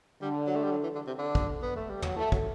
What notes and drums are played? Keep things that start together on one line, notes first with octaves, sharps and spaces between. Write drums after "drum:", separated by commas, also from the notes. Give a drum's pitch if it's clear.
D3 G3
F#3
A3
G3
F#3
E3
D3
C3
D3
drum: kick
B3
A3
G3
F#3, drum: tom
E3 A3
F#3, drum: kick